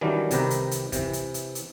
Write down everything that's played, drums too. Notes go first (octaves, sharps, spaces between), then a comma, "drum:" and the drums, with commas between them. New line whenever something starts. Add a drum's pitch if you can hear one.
D#3 E3 F#3 G3 C#4 D4
C2 C3 D#3 G4 B4 A#5, drum: hi-hat
drum: hi-hat
drum: hi-hat
C3 E3, drum: kick, hi-hat
drum: hi-hat
drum: hi-hat
drum: hi-hat